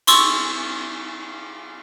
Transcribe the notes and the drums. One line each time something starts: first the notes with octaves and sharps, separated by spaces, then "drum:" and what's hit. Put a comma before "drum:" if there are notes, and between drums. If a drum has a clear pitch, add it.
C6 C#6 E6, drum: cymbal